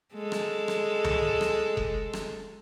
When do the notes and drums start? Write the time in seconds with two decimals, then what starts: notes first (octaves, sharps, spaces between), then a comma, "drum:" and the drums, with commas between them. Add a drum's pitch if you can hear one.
0.14 G#3 A4
0.32 drum: rim click
0.68 drum: rim click
1.04 drum: tom C#2
1.41 drum: rim click
1.77 drum: kick F1
2.13 drum: rim click